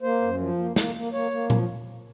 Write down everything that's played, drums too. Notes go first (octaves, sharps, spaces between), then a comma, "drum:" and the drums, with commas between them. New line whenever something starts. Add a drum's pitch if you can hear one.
A#3 C5
F#2
F3
A#3
A#3, drum: snare
A#3
A#3 C#5
A#3
F3, drum: tom A#2